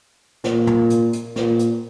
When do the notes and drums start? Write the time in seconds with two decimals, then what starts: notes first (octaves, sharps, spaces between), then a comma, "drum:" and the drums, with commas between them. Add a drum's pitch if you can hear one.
0.44 A#2, drum: snare
0.67 drum: tom
0.90 drum: hi-hat
1.13 drum: hi-hat
1.36 A#2, drum: snare
1.59 drum: hi-hat